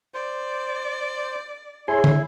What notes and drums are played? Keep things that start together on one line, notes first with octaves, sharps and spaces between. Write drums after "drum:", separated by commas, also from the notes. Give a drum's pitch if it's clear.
C5 D5
E4 G#4 C#5 G#5 C6
drum: tom D3